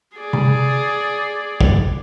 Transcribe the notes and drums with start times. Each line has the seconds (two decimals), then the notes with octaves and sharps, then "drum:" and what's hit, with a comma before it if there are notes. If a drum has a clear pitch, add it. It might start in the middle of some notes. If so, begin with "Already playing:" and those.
0.17 G#4 D5
0.33 drum: tom C3
1.61 drum: kick